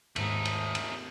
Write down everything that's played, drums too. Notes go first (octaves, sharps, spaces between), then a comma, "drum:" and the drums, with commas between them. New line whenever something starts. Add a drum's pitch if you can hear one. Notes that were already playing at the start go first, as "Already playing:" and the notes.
D#2 G#2 A3 D#4, drum: cymbal
drum: cymbal
drum: cymbal